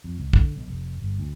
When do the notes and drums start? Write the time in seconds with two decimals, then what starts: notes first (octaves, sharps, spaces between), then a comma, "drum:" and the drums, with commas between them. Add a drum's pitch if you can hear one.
0.04 F2
0.18 C#2
0.33 D3, drum: kick
0.56 B1
0.68 F1
1.00 G1
1.19 D2